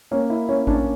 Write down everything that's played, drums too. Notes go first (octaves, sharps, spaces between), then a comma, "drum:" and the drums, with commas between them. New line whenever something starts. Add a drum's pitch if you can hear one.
A#3 C#4
E4
A#3 C#4
C#4 D4, drum: kick